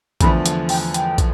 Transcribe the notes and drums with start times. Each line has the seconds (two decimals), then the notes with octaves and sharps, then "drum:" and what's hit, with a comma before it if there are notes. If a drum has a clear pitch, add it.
0.21 E2 D3 F3 A3 B5, drum: kick, hi-hat
0.46 A5, drum: hi-hat
0.69 G5, drum: open hi-hat
0.94 G5, drum: hi-hat
1.18 drum: kick, hi-hat